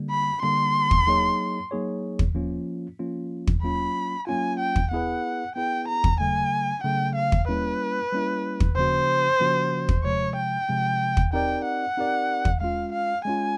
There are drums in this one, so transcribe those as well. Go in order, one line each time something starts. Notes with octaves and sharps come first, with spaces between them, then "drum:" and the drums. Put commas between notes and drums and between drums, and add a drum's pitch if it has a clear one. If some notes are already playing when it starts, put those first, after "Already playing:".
Already playing: D3 G3 A#3
B5
D3 G3 A#3 C6
drum: kick
F#3 A#3 D#4 G#4 C#5
F#3 A#3 D#4 G#4 C#5
drum: kick
F3 A#3 C#4 F4
F3 A#3 C#4 F4
drum: kick
F#3 A#3 C#4 F4 B5
F#3 A#3 C#4 F4 G#5
G5
drum: kick
B3 E4 G#4 B4 F#5
B3 E4 G#4 B4 G5
A#5
drum: kick
C#3 F#3 A3 G#5
C#3 F#3 A3 G5
F5
drum: kick
G3 A#3 C#4 E4 B4
G3 A#3 C#4 E4
drum: kick
C#3 F3 A#3 C#4 F#4 C5
C#3 F3 A#3 C#4 F#4
drum: kick
C3 F3 G#3 C#5
G5
C3 F3 G#3
drum: kick
C4 D#4 G4 A#4 D5 G5
F#5
C4 D#4 G4 A#4 D5
drum: kick
G#3 C#4 F4 F5
F5
G#3 C#4 F4 G#5